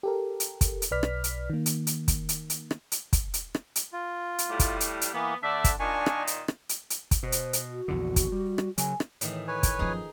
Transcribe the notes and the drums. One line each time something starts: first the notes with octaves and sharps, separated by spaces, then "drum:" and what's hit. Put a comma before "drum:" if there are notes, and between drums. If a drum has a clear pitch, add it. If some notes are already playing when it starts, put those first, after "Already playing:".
G4 A4 A#4
drum: hi-hat
drum: kick, hi-hat
drum: hi-hat
B1 B4 D5 F6 B6
drum: rim click
drum: hi-hat
D#3 A#3
drum: hi-hat
drum: hi-hat
drum: kick, hi-hat
drum: hi-hat
drum: hi-hat
drum: rim click
drum: hi-hat
drum: kick, hi-hat
drum: hi-hat
drum: rim click
drum: hi-hat
F4
drum: hi-hat
A2 G3
drum: kick, hi-hat
drum: hi-hat
drum: hi-hat
E3 A#3 B3
D3 A3 D4 D5 E5
drum: kick, hi-hat
A#2 D#3 D4 G#5 C#6
drum: rim click
drum: hi-hat
drum: rim click
drum: hi-hat
drum: hi-hat
drum: kick, hi-hat
B2 C5
drum: hi-hat
drum: hi-hat
F#4
A#1 E2 D3
drum: kick, hi-hat
G3
drum: rim click
C#3 F#3 G#5, drum: hi-hat
drum: rim click
A2 D#3 E3, drum: hi-hat
B4 C#5 G#5
drum: kick, hi-hat
F#2 F3 D#4 G#4